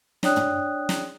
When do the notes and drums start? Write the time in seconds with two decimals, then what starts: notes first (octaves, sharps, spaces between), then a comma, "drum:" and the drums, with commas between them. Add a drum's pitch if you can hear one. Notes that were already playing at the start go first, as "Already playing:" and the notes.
0.23 D4 C#5 D5 G5 D#6 F#6, drum: snare
0.36 drum: tom
0.89 drum: snare